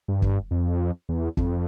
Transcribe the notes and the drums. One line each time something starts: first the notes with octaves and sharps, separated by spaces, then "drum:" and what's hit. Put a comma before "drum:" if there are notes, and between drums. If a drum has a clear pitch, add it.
G2
drum: kick
F2
E2
F2, drum: kick